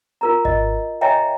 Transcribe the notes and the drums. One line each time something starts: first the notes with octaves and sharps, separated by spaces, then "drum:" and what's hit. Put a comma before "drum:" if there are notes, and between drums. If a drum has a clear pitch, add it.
F4 A#4 A#5
D#5, drum: kick G#1
C#5 D#5 E5 G5 G#5 A#5